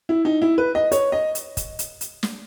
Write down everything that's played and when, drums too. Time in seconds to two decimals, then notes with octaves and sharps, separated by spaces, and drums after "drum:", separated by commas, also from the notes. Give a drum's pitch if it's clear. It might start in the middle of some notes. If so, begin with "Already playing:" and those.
0.09 E4
0.25 D#4
0.42 E4
0.58 B4
0.75 D#5
0.92 C#5, drum: hi-hat
1.12 D#5
1.35 drum: hi-hat
1.57 drum: kick, hi-hat
1.79 drum: hi-hat
2.01 drum: hi-hat
2.23 drum: snare